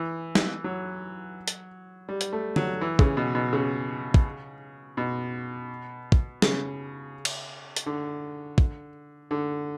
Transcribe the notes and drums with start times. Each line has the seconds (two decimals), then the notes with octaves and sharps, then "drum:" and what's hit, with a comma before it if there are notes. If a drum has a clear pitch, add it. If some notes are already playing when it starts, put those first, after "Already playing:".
Already playing: E3
0.35 drum: snare
0.64 F#3
1.48 drum: hi-hat
2.09 G3
2.21 drum: hi-hat
2.33 A3
2.56 F#3, drum: tom D3
2.81 E3
2.99 C#3, drum: kick
3.17 B2
3.35 B2
3.53 C#3
4.14 drum: kick
4.97 B2
6.12 drum: kick
6.42 C#3, drum: snare
7.25 drum: cymbal
7.76 drum: hi-hat
7.86 D3
8.58 drum: kick
9.31 D3